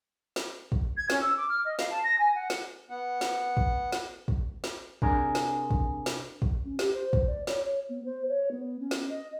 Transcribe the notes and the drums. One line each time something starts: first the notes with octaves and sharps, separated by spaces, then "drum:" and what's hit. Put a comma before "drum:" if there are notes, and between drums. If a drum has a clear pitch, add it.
drum: snare
drum: kick
G#6
C#4, drum: snare
E6
D6
F6
D#5
F5, drum: snare
A5
A#6
G#5
F#5
drum: snare
B3 F#5
drum: snare
drum: kick
drum: snare
drum: kick
drum: snare
C3 D4 G#4 A#4, drum: kick
drum: snare
drum: kick
drum: snare
drum: kick
C#4
G4, drum: snare
C5
drum: kick
D5
C#5, drum: snare
C#5
B3
C5
C#5
B3
C#4
drum: snare
D#5